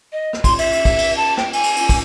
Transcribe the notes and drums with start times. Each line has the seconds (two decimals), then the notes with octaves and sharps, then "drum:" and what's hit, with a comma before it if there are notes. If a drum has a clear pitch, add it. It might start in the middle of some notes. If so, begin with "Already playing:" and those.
0.13 D#5
0.33 drum: rim click
0.44 C6, drum: kick, cymbal
0.58 E5, drum: cymbal
0.72 drum: cymbal
0.85 drum: kick, cymbal
0.98 drum: cymbal
1.17 A5
1.37 G5, drum: rim click
1.53 G#5, drum: cymbal
1.63 drum: cymbal
1.76 drum: cymbal
1.89 drum: kick, cymbal